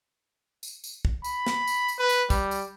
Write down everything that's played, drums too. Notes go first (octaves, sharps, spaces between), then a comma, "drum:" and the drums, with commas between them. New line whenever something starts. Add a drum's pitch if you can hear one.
drum: tambourine
drum: tambourine
drum: kick
B5, drum: tambourine
drum: snare
drum: tambourine
drum: tambourine
B4
drum: tambourine
G3, drum: kick, tambourine
drum: tambourine